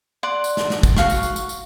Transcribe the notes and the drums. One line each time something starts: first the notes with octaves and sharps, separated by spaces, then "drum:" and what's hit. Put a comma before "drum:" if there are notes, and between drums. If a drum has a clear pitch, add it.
D5 F#5 C6
drum: tambourine
drum: snare
drum: snare
drum: kick, tambourine
F#4 G#4 F5 C#6, drum: snare
drum: tambourine
drum: tambourine
drum: tambourine
drum: tambourine